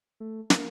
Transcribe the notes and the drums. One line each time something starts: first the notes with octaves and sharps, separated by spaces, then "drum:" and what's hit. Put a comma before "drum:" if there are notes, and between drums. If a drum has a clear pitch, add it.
A3
A#3, drum: snare